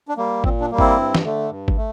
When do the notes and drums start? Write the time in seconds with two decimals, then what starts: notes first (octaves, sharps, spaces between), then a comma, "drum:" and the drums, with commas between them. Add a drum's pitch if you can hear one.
0.08 D4
0.17 G3 A#3
0.44 A#2 C4, drum: kick G#1
0.61 D4
0.71 G3 A#3
0.78 C4 E4, drum: kick G#1
0.96 G2
1.15 drum: snare
1.24 D3 A3
1.50 G2
1.68 drum: kick G#1
1.77 A3